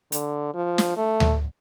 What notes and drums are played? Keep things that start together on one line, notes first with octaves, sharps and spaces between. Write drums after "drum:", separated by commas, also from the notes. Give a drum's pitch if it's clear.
D3, drum: hi-hat
F3
drum: snare
A3
drum: tom D2